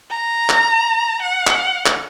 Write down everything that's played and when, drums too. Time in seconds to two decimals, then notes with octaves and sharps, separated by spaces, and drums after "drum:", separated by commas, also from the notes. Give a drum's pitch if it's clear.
0.11 A#5
0.50 drum: clap
1.22 F#5
1.47 drum: clap
1.86 drum: clap